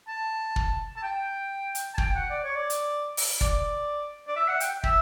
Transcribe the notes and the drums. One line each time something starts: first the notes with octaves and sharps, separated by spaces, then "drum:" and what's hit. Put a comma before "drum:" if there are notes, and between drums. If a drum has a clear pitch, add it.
A5
drum: kick
A5
G5
drum: hi-hat
A5
G5, drum: kick
F#5
D5
C#5
D5
drum: hi-hat
drum: open hi-hat
D5, drum: kick
D5
E5
F#5
G5, drum: hi-hat
E5, drum: kick